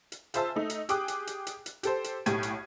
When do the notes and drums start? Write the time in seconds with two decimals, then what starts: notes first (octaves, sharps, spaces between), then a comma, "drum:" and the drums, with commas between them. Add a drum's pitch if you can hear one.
0.12 drum: hi-hat
0.34 F4 G#4 C5 E5 A5 E6, drum: hi-hat
0.56 A3 D#4
0.70 drum: hi-hat
0.89 G4 G#4 G5 D6 D#6 F#6, drum: hi-hat
1.08 drum: hi-hat
1.27 drum: hi-hat
1.47 drum: hi-hat
1.66 drum: hi-hat
1.83 G4 A4 C5, drum: hi-hat
2.04 drum: hi-hat
2.26 B1 A2 G4 G#6 D#7, drum: hi-hat
2.43 drum: hi-hat